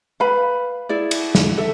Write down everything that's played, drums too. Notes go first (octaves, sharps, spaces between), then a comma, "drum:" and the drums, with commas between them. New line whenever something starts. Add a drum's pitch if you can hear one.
B4 F5 B5
E4 G#4 D5
drum: cymbal
drum: snare
A4 E5